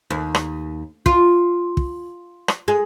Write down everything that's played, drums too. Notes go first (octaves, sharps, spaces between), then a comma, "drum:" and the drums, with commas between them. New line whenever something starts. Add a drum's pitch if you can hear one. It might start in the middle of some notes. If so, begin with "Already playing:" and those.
D#2
drum: rim click
F4, drum: kick
drum: kick
drum: rim click
G#3